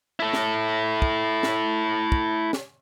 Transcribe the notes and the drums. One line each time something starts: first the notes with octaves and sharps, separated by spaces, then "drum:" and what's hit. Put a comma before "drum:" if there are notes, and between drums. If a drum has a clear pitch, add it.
E4 A4
drum: snare
drum: kick
drum: snare
drum: kick
drum: snare